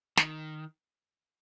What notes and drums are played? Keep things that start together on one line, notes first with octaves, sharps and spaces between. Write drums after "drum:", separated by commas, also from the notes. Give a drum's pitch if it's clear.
D#3, drum: snare